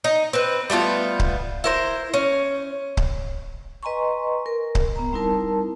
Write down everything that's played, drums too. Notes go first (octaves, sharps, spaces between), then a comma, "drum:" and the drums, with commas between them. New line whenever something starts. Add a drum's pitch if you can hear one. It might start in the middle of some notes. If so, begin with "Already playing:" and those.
D#4
C4 B4
G3 A3 B3 F4
drum: kick C#1
E4 A#4 C5
C#4
drum: kick C#1
B4 D#5 G#5 A#5 C6 C#6
A#4
drum: kick C#1
B3 A#5
G3 C4 D#4 E4 A#4 A5